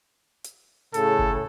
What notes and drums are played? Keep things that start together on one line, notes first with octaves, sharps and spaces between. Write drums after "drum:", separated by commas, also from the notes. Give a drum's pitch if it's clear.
drum: hi-hat
A2 C#3 A4, drum: hi-hat
drum: kick